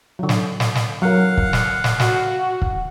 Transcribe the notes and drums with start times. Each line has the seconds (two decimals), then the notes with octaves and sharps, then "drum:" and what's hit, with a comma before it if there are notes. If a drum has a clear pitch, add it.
0.19 D3 F#3
0.29 drum: snare
0.60 drum: snare
0.75 drum: snare
1.02 F#3 A#4 F5 F#5
1.37 drum: kick
1.53 drum: snare
1.84 drum: snare
2.00 F#4, drum: snare
2.62 drum: kick